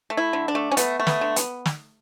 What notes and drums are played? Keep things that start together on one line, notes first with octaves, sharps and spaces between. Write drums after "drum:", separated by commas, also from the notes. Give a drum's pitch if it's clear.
A3
E4
D3
D4
A3
C#4
A3 B3, drum: hi-hat
A3
B3, drum: snare
D3
B3, drum: hi-hat
drum: snare